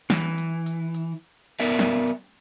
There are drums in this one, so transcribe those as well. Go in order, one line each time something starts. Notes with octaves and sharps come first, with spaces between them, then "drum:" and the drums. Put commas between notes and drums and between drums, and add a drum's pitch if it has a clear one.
E3, drum: snare
drum: hi-hat
drum: hi-hat
drum: hi-hat
B3 A#4 D5 E5
drum: snare
drum: hi-hat